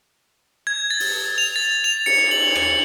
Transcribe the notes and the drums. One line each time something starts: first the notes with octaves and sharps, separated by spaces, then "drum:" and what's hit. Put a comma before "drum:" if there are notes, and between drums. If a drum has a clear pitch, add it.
G#6
A6
drum: open hi-hat
F7
A6
F7
C#7, drum: cymbal
F#7
drum: cymbal
C#7, drum: rim click